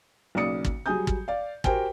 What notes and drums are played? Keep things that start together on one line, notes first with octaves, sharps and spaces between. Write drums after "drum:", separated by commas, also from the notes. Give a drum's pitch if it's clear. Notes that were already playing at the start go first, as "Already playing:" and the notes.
B1 C#3 A#3 D5 D#6 C#7
drum: kick
F#3 G3 G#4 G#5 D#6 G6
drum: kick
D5 F5
F#4 G4 A#4 C5 G5 G#5, drum: kick